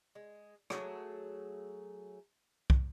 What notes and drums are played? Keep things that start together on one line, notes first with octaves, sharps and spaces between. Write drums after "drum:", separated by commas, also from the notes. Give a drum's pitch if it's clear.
G#3
F#3 A3 G#4 A4, drum: rim click
drum: kick